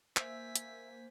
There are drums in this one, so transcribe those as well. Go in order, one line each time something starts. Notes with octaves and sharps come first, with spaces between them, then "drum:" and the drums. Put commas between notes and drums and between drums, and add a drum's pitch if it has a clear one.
A#3 C5 E5 G#5 E6 B6, drum: clap
drum: hi-hat